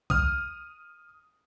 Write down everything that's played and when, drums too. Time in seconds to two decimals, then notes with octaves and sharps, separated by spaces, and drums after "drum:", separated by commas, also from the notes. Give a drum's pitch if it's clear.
0.10 D#6 F6, drum: kick C2